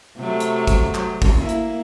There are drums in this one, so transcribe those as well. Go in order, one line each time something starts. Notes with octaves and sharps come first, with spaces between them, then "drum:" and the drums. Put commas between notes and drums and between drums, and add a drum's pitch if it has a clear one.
C3 F#3 A3
drum: hi-hat
drum: kick, hi-hat
F#3, drum: clap
drum: kick, open hi-hat
A#3 E4
drum: hi-hat